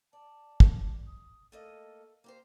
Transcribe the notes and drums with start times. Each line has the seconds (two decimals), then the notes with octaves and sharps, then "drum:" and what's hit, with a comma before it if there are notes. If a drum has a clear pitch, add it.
0.13 D5 A5
0.60 drum: kick
1.07 D#6
1.52 A3 A#3 A4 D#5
2.24 A#3 G4 C5